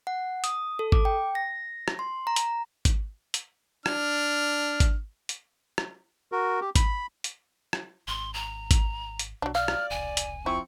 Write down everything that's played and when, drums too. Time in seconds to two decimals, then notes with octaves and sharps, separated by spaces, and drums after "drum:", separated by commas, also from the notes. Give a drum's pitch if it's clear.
0.07 F#5
0.44 D#6, drum: hi-hat
0.79 A4
0.92 D6, drum: kick G#1
1.05 G5
1.35 A#6
1.88 drum: rim click
1.99 C6
2.27 A#5
2.36 drum: hi-hat
2.85 drum: kick G#1, hi-hat
3.34 drum: hi-hat
3.86 D4 F6, drum: rim click
4.80 drum: kick G#1, hi-hat
5.29 drum: hi-hat
5.78 drum: rim click
6.32 F#4 A#4
6.61 G4
6.76 B5, drum: kick G#1, hi-hat
7.24 drum: hi-hat
7.73 drum: rim click
8.08 G#1 C6
8.34 A#5
8.71 drum: kick G#1, hi-hat
9.19 drum: hi-hat
9.42 B1 F#3 D4
9.55 D5 F5 F6
9.68 drum: rim click
9.90 E1 C2 G#5
10.17 drum: hi-hat
10.46 F3 C4 E4 C#6